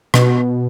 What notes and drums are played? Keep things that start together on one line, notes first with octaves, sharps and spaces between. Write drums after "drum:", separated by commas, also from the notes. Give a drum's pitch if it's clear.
B2, drum: rim click